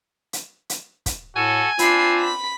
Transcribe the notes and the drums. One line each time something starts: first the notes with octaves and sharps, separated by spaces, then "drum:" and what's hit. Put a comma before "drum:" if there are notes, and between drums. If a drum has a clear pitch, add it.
drum: hi-hat
drum: hi-hat
drum: kick, hi-hat
A2 F#4 A4 G#5
C4 D4 F4 B5 C7, drum: hi-hat
B5 B6